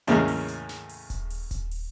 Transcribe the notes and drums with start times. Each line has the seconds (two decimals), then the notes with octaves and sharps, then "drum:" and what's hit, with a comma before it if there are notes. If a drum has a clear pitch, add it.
0.07 E2 A2 C#3 G#3 A#3 C#4, drum: hi-hat
0.28 drum: open hi-hat
0.48 drum: hi-hat
0.69 drum: snare
0.89 drum: open hi-hat
1.10 drum: kick D#1, hi-hat
1.30 drum: open hi-hat
1.51 drum: kick D#1, hi-hat
1.71 drum: open hi-hat